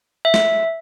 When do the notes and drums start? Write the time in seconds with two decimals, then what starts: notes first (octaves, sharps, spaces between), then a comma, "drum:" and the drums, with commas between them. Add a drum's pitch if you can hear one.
0.25 E5
0.34 drum: snare